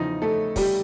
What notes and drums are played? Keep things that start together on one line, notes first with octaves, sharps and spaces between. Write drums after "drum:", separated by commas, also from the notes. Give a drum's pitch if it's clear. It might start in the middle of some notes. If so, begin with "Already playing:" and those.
Already playing: E2 C#3 F3 D#4 D#5
A3 A4
G3 G4, drum: kick, open hi-hat